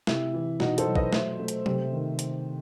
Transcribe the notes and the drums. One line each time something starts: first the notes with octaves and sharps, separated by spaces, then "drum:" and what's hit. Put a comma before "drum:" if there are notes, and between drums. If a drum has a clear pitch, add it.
C3 E4, drum: snare
E3
B2 D#4 F#4, drum: snare
A4 C5, drum: hi-hat
F#3
B4 D#5, drum: kick
A3 C5 E5, drum: snare
A3
drum: hi-hat
C3, drum: tom F#3
D#3
drum: hi-hat